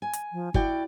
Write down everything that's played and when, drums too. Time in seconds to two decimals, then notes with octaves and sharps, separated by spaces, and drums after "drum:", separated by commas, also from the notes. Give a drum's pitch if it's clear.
0.02 G#5
0.13 drum: hi-hat
0.32 F3
0.54 E4 F#4 D5 G5, drum: kick G1